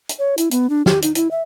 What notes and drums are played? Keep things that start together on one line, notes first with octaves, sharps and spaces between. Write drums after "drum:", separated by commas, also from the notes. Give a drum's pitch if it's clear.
drum: hi-hat
C#5
E4, drum: hi-hat
B3, drum: hi-hat
D4
G4, drum: snare
D#4, drum: hi-hat
E4, drum: hi-hat
E5